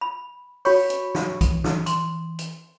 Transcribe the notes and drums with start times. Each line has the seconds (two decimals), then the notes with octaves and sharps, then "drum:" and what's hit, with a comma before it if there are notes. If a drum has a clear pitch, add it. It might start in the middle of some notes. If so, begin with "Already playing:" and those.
0.01 B5
0.65 F#4 C#5 B5 C#6, drum: open hi-hat
0.90 drum: hi-hat
1.15 drum: snare
1.41 E3, drum: kick, hi-hat
1.64 drum: snare
1.86 C6, drum: hi-hat
2.39 drum: hi-hat